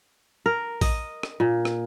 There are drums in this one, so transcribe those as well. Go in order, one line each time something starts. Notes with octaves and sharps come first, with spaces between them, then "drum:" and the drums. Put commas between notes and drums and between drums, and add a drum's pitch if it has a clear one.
A#4
D#5, drum: kick, open hi-hat
drum: rim click
A#2
drum: rim click